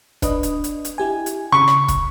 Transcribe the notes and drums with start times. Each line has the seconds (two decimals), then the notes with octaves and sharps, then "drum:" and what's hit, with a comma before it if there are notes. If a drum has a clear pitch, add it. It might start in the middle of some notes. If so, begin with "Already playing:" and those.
0.22 D4 B4 D#5, drum: kick, hi-hat
0.43 drum: hi-hat
0.64 drum: hi-hat
0.85 drum: hi-hat
0.98 E4 G4 G#5
1.26 drum: hi-hat
1.52 C#3 B5 C#6
1.68 drum: rim click
1.88 drum: kick, hi-hat